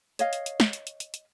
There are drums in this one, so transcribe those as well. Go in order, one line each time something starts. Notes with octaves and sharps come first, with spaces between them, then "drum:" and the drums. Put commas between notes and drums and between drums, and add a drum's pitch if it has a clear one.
C#5 D#5 F5, drum: hi-hat
drum: hi-hat
drum: hi-hat
drum: snare
drum: hi-hat
drum: hi-hat
drum: hi-hat
drum: hi-hat